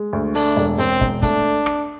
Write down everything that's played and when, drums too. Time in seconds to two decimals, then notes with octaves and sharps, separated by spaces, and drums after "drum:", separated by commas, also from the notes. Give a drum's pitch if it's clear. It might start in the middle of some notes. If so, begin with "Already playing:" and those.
Already playing: G#3
0.13 D2
0.35 A3 D4, drum: open hi-hat
0.57 E1
0.78 E1 C4, drum: hi-hat
1.01 E1, drum: kick
1.22 A3 D4, drum: kick, hi-hat
1.66 drum: rim click